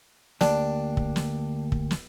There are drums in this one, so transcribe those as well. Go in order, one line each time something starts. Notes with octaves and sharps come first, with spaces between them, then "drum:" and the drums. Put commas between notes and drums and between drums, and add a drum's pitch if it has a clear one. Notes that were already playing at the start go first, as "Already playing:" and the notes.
D2 A#3 D4 G4, drum: snare
drum: kick
drum: snare
drum: kick
drum: snare